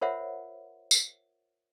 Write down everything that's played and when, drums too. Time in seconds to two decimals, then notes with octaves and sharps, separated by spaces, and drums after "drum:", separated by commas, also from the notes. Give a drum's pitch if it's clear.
0.01 F4 A#4 C5 C#5 E5 F#5
0.91 drum: tambourine